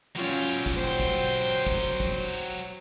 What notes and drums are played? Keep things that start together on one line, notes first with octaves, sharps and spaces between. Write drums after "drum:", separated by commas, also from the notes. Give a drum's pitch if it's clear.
F#3 C#4 F4 G4
drum: kick
C5 G5
drum: kick
drum: kick
drum: kick